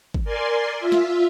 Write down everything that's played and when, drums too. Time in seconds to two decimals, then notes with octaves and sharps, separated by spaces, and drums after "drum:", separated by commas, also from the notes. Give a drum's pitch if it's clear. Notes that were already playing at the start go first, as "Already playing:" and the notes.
0.14 drum: kick
0.24 A#4 D5 G#5 C6
0.76 F4 E5
0.92 drum: snare